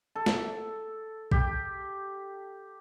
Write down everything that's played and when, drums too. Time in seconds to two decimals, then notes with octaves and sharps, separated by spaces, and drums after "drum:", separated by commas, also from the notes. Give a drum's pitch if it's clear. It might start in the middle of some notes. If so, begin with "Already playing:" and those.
0.15 A4
0.26 drum: snare
1.32 G4, drum: kick